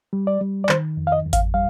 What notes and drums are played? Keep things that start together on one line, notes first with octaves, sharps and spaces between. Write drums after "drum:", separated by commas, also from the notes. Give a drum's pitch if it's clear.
G3
D5
G3
D5
D#3 C5, drum: clap
F2
F5
D#5
F2
F5, drum: kick G#1, hi-hat
G3 F5